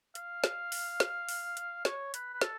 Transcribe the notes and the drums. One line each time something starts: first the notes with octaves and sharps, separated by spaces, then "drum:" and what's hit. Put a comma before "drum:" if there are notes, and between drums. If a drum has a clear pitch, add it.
F5, drum: hi-hat
drum: snare
drum: open hi-hat
drum: snare
drum: open hi-hat
drum: hi-hat
C#5, drum: snare
B4, drum: hi-hat
B4
A4, drum: snare